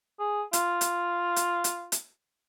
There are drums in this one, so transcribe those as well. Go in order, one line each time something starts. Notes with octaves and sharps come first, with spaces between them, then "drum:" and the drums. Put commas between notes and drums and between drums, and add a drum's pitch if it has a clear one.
G#4
F4, drum: hi-hat
drum: hi-hat
drum: hi-hat
drum: hi-hat
drum: hi-hat